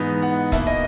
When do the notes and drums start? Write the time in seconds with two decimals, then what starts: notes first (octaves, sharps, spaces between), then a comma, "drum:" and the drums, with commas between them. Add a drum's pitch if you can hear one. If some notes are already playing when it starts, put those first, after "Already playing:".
Already playing: G#2 E3 B3 D#4
0.22 F#5
0.52 B2 A#3 E4 E5, drum: kick C#1, hi-hat
0.67 D#5